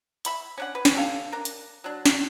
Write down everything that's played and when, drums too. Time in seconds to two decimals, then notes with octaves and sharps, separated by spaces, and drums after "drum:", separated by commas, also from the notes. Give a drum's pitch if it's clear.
0.25 E5 B5 C#6, drum: hi-hat
0.58 C#4 D4 F#5
0.75 B4
0.85 drum: snare
0.95 C#4 G4 A4 F5
1.32 D4 A#4
1.45 drum: hi-hat
1.84 F#3 D4
2.06 drum: snare